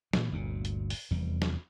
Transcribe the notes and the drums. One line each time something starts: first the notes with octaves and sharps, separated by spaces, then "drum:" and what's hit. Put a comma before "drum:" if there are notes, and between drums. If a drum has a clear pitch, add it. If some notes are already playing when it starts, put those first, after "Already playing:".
A#2 E3 F#3, drum: snare
G1 D2 A#2
drum: hi-hat
drum: open hi-hat
F1 E2 G3
drum: snare